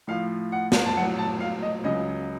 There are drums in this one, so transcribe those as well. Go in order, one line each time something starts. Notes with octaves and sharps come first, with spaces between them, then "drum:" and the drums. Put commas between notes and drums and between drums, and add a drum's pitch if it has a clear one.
A2 F3 F5
F#5
drum: snare
A5
A2 F#3 F#5
A5
F5
D#5
C#2 C#3 F#3 D#5